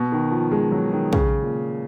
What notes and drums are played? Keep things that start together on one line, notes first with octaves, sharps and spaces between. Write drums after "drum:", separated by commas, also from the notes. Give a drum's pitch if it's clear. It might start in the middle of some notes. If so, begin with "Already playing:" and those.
Already playing: B2
D#3
F3
G#3
F#3
D#3
C#3, drum: kick
A#2